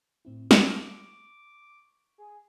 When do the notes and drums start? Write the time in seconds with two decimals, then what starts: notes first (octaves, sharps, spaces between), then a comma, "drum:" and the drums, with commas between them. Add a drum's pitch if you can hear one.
0.25 A2 C4 E4
0.51 drum: snare
0.61 C#6 D6
2.18 G#4